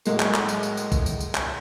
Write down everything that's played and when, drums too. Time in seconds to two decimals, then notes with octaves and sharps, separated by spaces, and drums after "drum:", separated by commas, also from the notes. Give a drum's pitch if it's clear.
0.05 A2 F#3 G#3 A#3, drum: tambourine
0.20 drum: clap
0.34 drum: clap
0.49 drum: tambourine
0.63 drum: tambourine
0.77 drum: tambourine
0.92 drum: kick, tambourine
1.06 drum: tambourine
1.20 drum: tambourine
1.35 drum: clap